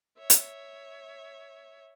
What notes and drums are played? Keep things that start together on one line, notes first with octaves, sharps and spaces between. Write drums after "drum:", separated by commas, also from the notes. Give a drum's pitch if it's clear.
C#5 E5
drum: hi-hat